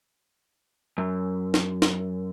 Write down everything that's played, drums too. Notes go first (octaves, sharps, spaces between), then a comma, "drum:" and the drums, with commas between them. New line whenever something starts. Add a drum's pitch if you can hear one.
F#2
drum: snare
drum: snare